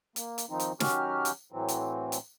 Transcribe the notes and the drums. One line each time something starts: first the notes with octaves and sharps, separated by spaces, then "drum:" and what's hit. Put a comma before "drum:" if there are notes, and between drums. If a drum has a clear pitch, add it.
A#3, drum: hi-hat
drum: hi-hat
D#3 F3 C4 D#4
drum: hi-hat
D#3 F#3 C#4 F#4 G4 F6, drum: snare
drum: hi-hat
A2 E3 F#3 C4
drum: hi-hat
drum: hi-hat